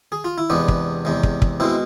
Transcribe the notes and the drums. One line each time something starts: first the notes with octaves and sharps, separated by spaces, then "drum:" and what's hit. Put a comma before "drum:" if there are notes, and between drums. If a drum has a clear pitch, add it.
G#4
F4
E4
E2 C3 G#3 B3 D4
drum: kick
E2 C3 G#3
drum: kick
drum: kick
B2 G#3 C4 E4